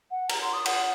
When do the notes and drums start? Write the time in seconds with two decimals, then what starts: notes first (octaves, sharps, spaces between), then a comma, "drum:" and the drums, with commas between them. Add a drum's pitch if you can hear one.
0.11 F#5
0.29 A#5, drum: cymbal
0.41 C6
0.53 D#6
0.65 F#5, drum: cymbal